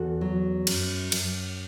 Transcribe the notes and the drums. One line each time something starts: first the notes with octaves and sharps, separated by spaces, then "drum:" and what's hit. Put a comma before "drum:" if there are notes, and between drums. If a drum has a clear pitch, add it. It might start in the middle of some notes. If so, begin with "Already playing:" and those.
Already playing: E2 F#4 A4
F#3
F#2, drum: cymbal
F#2, drum: cymbal